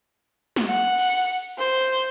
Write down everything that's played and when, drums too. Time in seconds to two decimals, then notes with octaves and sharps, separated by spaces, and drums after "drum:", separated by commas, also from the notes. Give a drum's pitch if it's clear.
0.56 drum: snare
0.67 F#5
0.98 drum: cymbal
1.58 C5